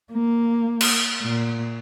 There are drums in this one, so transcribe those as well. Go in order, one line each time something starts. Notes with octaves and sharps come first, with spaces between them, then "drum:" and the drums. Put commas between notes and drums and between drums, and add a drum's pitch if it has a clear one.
A#3
drum: cymbal
A#2